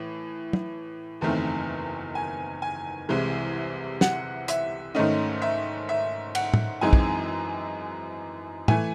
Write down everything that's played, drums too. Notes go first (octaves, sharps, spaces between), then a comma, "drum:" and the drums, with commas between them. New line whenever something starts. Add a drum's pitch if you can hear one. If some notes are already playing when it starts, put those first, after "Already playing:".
Already playing: A2 E3
drum: tom
F#1 E2 D#3 A3 C4
G#5
G#5
C2 C3 E3 G#3
F#5, drum: snare
E5, drum: hi-hat
G#2 D#3 A3 C#4 D#5
E5
E5
F#5, drum: cymbal
drum: tom
F#2 E3 G#3 C4 D#4 G#5
drum: kick
E3 A3 G#5, drum: tom